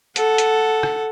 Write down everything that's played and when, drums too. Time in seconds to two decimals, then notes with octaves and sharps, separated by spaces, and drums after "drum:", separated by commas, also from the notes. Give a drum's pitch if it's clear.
0.16 A4 F#5, drum: hi-hat
0.38 drum: hi-hat
0.83 drum: rim click